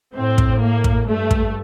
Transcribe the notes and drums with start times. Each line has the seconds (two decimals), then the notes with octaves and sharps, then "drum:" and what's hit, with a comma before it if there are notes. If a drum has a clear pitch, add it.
0.15 A2 C4
0.38 drum: kick
0.61 A#3
0.84 drum: kick
1.07 G2 A3
1.31 drum: kick